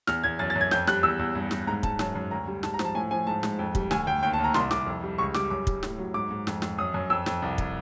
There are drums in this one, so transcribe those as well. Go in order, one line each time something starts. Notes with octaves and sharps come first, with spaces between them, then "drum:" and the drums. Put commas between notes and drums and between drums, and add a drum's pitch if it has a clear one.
E2 F6, drum: snare
E2 G#6
F#2 A6
A6
F#2
G#6
F2 G6, drum: snare
G3 F#6, drum: snare
E2 E6
E2
G2
G2, drum: snare
G#2 A#5
G#2 A5, drum: kick
F#2 A5, drum: snare
F#2
D2 A#5
G3
G#2 A5, drum: snare
A#5
F3, drum: snare
A5
A2 G#5
F3 G#5
G#2 A5
G#2, drum: snare
F2
G3, drum: kick
D2 G#5, drum: snare
D2 G5
D#2 G5
A5
D#2
A#5
C2 C6, drum: snare
C2 D6, drum: snare
F2
G3
C#2 C#6
G3 D6, drum: snare
F#2 D6
G3, drum: kick
A2, drum: snare
F#3
G#2 D6
G#2
F2, drum: snare
F2, drum: snare
F#2 D#6
F#2
F2 E6
F2, drum: snare
C2
drum: kick